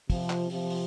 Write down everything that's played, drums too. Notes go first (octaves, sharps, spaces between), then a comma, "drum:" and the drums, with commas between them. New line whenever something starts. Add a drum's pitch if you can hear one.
C3 F3, drum: kick, open hi-hat
drum: clap
C3 F3, drum: open hi-hat
drum: open hi-hat